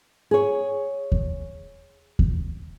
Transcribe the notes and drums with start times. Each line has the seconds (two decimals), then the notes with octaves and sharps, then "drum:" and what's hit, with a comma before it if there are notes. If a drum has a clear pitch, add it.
0.31 G#4 C#5
1.12 drum: kick D#2
2.19 drum: kick D#2